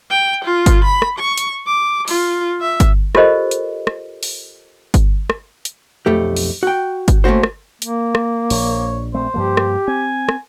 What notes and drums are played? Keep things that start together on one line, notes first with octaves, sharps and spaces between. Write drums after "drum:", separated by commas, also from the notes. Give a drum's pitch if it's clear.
G5
F4
drum: kick G1, hi-hat
B5
drum: rim click
C#6
drum: hi-hat
D6
F4, drum: open hi-hat
E5
drum: kick G1, hi-hat
F4 G4 A4 A#4 C5 D#5, drum: rim click
drum: hi-hat
drum: rim click
drum: open hi-hat
drum: kick G1, hi-hat
drum: rim click
drum: hi-hat
B1 F2 A3 G4
drum: open hi-hat
F#4 G5
drum: kick G1, hi-hat
A3 A#3 C4 C#4 F#4 C5
drum: rim click
A#3, drum: hi-hat
drum: rim click
A#1 C#5, drum: open hi-hat
A#1 A3 C4 C5
G2 F3 A#3 G4
drum: rim click
C4 G#5
drum: rim click